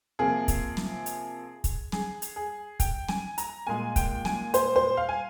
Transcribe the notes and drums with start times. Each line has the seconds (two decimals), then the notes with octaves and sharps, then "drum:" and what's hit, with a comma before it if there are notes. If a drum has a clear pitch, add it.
0.19 C3 F3 A#3 G#4
0.48 drum: kick, hi-hat
0.77 drum: snare
1.06 drum: hi-hat
1.64 drum: kick, hi-hat
1.92 G#4, drum: snare
2.22 drum: hi-hat
2.36 G#4
2.80 G5, drum: kick, hi-hat
3.09 G#5, drum: snare
3.38 A#5, drum: hi-hat
3.67 A#2 G#3 G#5
3.96 G5, drum: kick, hi-hat
4.25 G#5, drum: snare
4.54 C5, drum: hi-hat
4.76 C5
4.97 F5
5.09 G#5